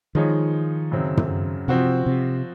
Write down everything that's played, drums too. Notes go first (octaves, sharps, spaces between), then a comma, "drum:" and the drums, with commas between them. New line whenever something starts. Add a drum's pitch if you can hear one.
D#3 F3 G#3 D#4 G#4 C#5
F#2 C#3 F#3 C4
drum: tom
C3 F3 C4 F#4
C3